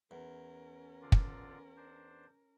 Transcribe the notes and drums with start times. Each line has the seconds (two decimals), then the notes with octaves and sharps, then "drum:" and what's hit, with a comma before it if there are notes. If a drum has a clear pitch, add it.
0.11 E2 C#4 A#4
1.02 D3 F4 D5
1.12 drum: kick
1.77 D4 C5